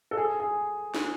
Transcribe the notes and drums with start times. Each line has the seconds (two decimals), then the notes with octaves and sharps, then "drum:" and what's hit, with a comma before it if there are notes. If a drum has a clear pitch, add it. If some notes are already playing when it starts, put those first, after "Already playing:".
0.11 A4
0.17 G#4
0.40 G#4
0.94 drum: snare